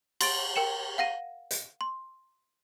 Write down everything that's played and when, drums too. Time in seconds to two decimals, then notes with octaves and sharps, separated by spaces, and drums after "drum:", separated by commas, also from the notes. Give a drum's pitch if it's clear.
0.21 C6 A6 D7, drum: cymbal
0.56 A#4 G5 C#7 E7
0.98 F5 F#5 A#6 D#7
1.51 drum: hi-hat
1.81 C6